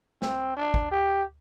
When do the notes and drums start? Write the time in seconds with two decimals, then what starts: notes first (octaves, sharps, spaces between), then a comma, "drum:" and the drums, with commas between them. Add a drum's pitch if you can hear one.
0.22 C4, drum: snare
0.57 D4
0.74 drum: kick
0.91 G4